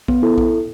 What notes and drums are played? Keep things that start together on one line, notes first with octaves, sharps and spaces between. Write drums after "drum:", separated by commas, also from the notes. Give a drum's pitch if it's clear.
B3, drum: kick A#1
E4 A4
drum: kick A#1